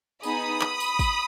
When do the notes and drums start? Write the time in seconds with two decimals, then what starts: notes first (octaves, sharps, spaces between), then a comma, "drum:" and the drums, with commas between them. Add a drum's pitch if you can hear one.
0.23 B3 D#4 G#4 B5 D#6, drum: tambourine
0.61 drum: clap
0.80 drum: tambourine
0.99 drum: kick, tambourine